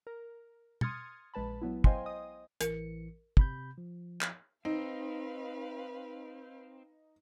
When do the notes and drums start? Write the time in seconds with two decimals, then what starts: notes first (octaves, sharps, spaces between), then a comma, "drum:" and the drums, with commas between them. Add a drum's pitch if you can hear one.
0.07 A#4
0.81 C6 D#6 F6 G#6 A6 C#7, drum: tom
1.34 A#1 G#3 B4 A5 B5
1.62 F#3 B3 E4
1.84 C5 D#5 F5 G5 G#5 C6, drum: kick
2.06 D#5 D#6
2.61 A1 E3 A#4 C#7, drum: hi-hat
3.37 C3 B5 G6, drum: kick
3.78 F3
4.21 drum: clap
4.65 C4 D#4 B4 F5